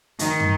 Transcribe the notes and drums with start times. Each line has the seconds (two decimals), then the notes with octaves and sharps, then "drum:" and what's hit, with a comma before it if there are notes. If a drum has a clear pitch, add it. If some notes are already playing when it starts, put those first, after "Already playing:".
0.19 D#3, drum: hi-hat
0.40 drum: tom